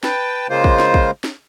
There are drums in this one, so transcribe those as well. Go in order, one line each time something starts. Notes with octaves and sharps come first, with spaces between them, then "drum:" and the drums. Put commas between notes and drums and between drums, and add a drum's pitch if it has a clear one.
B4 G5 A5, drum: snare
C#3 G#3 A#3 F4 C5
drum: kick
drum: snare
drum: kick
drum: snare